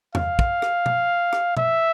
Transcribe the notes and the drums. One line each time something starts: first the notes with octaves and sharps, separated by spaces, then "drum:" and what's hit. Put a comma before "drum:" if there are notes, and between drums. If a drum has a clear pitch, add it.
F5, drum: tom
drum: kick
drum: rim click
drum: tom
drum: rim click
E5, drum: tom